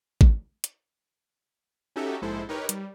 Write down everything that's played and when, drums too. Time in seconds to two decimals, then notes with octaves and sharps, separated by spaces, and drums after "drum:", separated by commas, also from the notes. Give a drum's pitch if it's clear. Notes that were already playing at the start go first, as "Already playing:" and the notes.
0.21 drum: kick G#1
0.64 drum: hi-hat
1.96 C#4 D#4 F#4 G4 A4 E5
2.22 A#1 G#2 G#3 E4 A4 C5
2.49 D#4 G4 A#4 B4 C#5
2.69 G3, drum: hi-hat